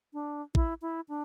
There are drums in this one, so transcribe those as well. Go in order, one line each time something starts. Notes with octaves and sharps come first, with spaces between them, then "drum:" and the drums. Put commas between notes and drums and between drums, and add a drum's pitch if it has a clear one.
D4
E4, drum: kick A1
E4
D4